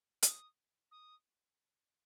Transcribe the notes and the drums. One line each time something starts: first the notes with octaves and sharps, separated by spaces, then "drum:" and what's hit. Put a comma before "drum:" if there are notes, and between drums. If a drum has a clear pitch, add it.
D#6, drum: hi-hat
D#6